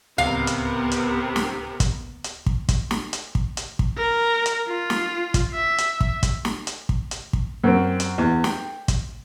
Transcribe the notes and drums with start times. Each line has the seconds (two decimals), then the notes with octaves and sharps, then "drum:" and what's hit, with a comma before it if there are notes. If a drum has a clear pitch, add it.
0.18 D1 C#2 C3 B3 A#4 F5
0.47 drum: hi-hat
0.91 drum: hi-hat
1.36 drum: snare
1.80 drum: kick, hi-hat
2.24 drum: hi-hat
2.46 drum: kick
2.69 drum: kick, hi-hat
2.91 drum: snare
3.13 drum: hi-hat
3.35 drum: kick
3.57 drum: hi-hat
3.79 drum: kick
3.97 A#4
4.46 drum: hi-hat
4.68 F4
4.90 drum: snare
5.34 drum: kick, hi-hat
5.54 E5
5.78 drum: hi-hat
6.01 drum: kick
6.23 drum: kick, hi-hat
6.45 drum: snare
6.67 drum: hi-hat
6.89 drum: kick
7.11 drum: hi-hat
7.33 drum: kick
7.64 F#2 C4
8.00 drum: hi-hat
8.18 E2
8.44 G5, drum: snare
8.88 drum: kick, hi-hat